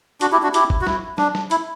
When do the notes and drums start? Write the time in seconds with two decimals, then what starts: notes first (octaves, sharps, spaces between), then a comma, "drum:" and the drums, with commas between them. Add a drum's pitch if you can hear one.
0.21 D4 F#4, drum: hi-hat
0.32 E4 G4
0.43 D4 F#4
0.54 E4 G4, drum: hi-hat
0.70 drum: kick G1
0.82 F#4
0.87 E4, drum: snare
1.18 D4, drum: snare
1.35 drum: snare
1.51 E4, drum: hi-hat